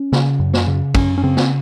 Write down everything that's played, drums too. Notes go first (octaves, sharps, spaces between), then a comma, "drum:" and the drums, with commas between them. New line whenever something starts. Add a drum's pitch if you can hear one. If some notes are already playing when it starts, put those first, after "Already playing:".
Already playing: C#4
C#3, drum: snare
F#2
drum: snare
C#3
F#2 C#4, drum: kick, cymbal
C#4
C#3 C4
drum: snare